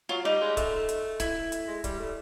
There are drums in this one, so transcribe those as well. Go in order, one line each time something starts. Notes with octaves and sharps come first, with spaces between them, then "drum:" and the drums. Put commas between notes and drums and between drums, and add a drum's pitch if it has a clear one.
F#3 F4
G3 D#4
G#3
A3, drum: kick C#1, hi-hat
drum: hi-hat
E4, drum: kick C#1, hi-hat
drum: hi-hat
G#3
G3, drum: kick C#1, hi-hat
A3